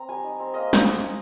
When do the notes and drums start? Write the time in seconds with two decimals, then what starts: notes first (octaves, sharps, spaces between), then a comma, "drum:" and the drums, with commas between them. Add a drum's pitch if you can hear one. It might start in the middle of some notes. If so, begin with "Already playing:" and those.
Already playing: C4 A#5
0.09 G3 G#5
0.24 D#4
0.39 C4
0.54 A#3 D#5
0.73 drum: snare